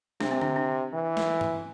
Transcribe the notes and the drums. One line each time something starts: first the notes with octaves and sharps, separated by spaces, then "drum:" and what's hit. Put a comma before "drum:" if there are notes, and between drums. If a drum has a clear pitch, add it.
C3 D4, drum: snare
C4
D4, drum: tom D3
D4
E3
drum: snare
drum: tom G2